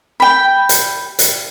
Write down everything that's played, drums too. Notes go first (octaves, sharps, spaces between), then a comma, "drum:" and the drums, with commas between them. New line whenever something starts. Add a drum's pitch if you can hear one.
G5 B5
drum: hi-hat
drum: hi-hat